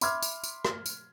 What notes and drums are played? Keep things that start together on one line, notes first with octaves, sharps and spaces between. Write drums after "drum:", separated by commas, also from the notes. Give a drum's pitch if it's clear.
E5 B5 C6 D6 F6 G#6, drum: tambourine
drum: tambourine
drum: tambourine
drum: rim click
drum: tambourine